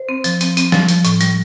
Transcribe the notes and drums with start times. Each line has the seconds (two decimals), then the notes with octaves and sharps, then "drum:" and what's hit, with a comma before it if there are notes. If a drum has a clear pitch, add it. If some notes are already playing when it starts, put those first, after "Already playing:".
Already playing: C5
0.09 C4
0.24 F3, drum: hi-hat
0.41 C4, drum: hi-hat
0.57 C4, drum: hi-hat
0.72 F3, drum: snare
0.88 F3, drum: hi-hat
1.05 A2, drum: hi-hat
1.21 G3, drum: hi-hat